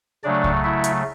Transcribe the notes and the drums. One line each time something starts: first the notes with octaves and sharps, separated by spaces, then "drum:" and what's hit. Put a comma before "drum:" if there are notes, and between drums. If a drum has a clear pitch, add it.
C#3 F#3 A3 D4 D5
drum: kick C2
E4 E5
drum: hi-hat